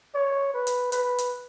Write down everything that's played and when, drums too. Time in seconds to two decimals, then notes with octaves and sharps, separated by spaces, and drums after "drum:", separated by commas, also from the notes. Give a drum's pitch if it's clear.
0.15 C#5
0.54 B4
0.67 drum: hi-hat
0.92 B4, drum: hi-hat
1.18 drum: hi-hat